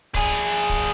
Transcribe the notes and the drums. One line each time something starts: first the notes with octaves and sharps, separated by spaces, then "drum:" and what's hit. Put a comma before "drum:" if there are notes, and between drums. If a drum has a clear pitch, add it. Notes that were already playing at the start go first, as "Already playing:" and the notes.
D4 G#4, drum: kick
drum: kick